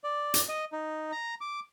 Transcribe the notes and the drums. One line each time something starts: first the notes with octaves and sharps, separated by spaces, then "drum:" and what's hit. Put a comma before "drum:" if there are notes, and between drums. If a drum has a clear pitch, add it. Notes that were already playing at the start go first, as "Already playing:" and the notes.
D5
drum: hi-hat
D#5
D#4
A#5
D6